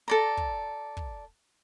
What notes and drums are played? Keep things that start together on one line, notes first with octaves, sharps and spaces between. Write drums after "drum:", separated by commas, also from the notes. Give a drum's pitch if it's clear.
A4 D5 A#5
drum: kick
drum: kick